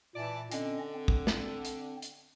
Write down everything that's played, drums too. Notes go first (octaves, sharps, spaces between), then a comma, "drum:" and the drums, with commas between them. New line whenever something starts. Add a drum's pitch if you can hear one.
A#2 E3 D5 A5
D3 C4 C#4 D#5, drum: hi-hat
C4
drum: kick A#1
drum: snare
drum: hi-hat
drum: hi-hat